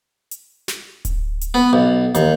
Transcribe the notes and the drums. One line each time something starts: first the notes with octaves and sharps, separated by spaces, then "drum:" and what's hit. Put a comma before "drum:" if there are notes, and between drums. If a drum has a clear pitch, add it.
drum: hi-hat
drum: snare
drum: kick D1, hi-hat
drum: hi-hat
B3
B1
D#2, drum: hi-hat